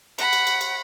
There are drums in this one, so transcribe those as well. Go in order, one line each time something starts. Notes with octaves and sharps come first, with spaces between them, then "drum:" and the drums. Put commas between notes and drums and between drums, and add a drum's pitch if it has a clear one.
F#5 B5, drum: cymbal
drum: cymbal
drum: cymbal
drum: cymbal